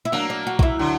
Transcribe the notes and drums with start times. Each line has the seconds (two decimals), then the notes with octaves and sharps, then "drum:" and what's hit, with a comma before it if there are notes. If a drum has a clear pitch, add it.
0.05 E4
0.12 F#3 A#3 D4
0.30 D4
0.47 F#4
0.59 F#4, drum: kick
0.63 E4
0.79 D3 F#3